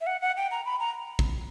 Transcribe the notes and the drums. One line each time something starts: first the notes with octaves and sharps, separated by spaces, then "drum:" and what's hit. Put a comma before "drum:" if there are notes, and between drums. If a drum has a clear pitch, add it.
E5
F#5
F#5
G5
A#5
B5
A#5
drum: kick